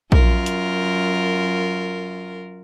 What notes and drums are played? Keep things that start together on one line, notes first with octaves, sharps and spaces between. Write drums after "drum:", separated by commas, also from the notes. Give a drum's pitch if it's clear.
F#2 F4 A#4, drum: kick A#1
drum: hi-hat